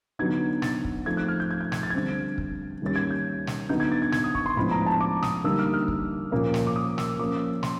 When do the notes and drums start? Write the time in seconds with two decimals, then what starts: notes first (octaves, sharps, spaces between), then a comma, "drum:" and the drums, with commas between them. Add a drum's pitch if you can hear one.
0.19 D3 F#3 B3 D#4 G#6
0.62 A6, drum: snare
0.85 drum: kick
1.06 F3 A3 C4 D#4 G#6
1.17 F#6
1.28 F6
1.40 G6
1.51 G#6
1.61 G6
1.72 G#6, drum: snare
1.83 A6
1.90 G#6
1.94 D3 G3 C4 A6
2.38 drum: kick
2.82 D#3 G3 A#3 C#4 A6
2.96 G#6
3.11 G6
3.47 drum: snare
3.69 D3 F#3 B3 D#4 G6
3.80 G#6
3.92 A6
4.02 G#6
4.12 G#6, drum: snare
4.24 D#6
4.35 C#6, drum: kick
4.46 C6
4.57 A2 F3 G#3 B3 D4 B5
4.71 A#5
4.87 A5
5.01 D6
5.23 D#6, drum: snare
5.44 D3 G3 A#3 D#4 E6
5.59 F6
5.74 F6
5.88 drum: kick
6.32 A#2 F3 A#3 C#4
6.54 drum: snare
6.67 D6
6.76 D#6
6.98 E6, drum: snare
7.19 F3 A#3 C#4 D6
7.63 C6, drum: snare